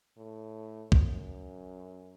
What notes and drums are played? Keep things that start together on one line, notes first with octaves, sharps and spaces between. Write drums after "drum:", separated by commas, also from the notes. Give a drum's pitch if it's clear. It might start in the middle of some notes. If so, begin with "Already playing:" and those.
A2
F#2, drum: kick